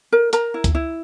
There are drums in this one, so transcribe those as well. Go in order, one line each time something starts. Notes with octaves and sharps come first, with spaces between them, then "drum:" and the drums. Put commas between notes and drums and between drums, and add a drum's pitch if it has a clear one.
A#4
A#4 A#5, drum: hi-hat
E4
drum: kick C#2, hi-hat
E4